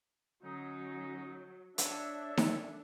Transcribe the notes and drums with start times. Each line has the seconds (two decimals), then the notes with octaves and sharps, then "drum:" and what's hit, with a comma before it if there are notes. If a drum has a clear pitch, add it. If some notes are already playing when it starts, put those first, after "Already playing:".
0.43 D3 F#3 C#4 D#4
1.78 D4 A4 C#5 E5, drum: hi-hat
2.37 drum: snare D#4